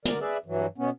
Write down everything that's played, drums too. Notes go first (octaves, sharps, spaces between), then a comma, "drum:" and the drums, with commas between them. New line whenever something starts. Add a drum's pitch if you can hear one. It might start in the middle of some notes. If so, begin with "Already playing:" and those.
D3 A#4 D5, drum: hi-hat
G#4 B4 D5 E5
G2 E3 F#3
B2 B3 C#4